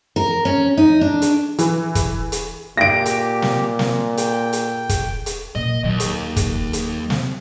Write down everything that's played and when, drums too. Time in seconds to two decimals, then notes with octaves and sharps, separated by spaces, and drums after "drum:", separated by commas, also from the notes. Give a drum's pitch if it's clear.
0.16 A#4
0.45 C#4
0.77 D#4
1.01 D4
1.22 drum: hi-hat
1.58 E3, drum: hi-hat
1.95 drum: kick, hi-hat
2.32 drum: hi-hat
2.77 A#2 G4 A#6 D7
3.06 drum: hi-hat
3.42 drum: snare
3.79 drum: snare
4.17 G5, drum: hi-hat
4.53 drum: hi-hat
4.89 drum: kick, hi-hat
5.26 drum: hi-hat
5.55 A#2 D#5
5.84 D#2 F#3
6.00 drum: hi-hat
6.36 drum: kick, hi-hat
6.73 drum: hi-hat
7.10 drum: snare